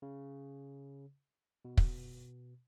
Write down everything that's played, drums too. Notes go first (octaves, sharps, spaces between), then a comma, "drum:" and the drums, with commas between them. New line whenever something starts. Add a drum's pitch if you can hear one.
C#3
B2
drum: kick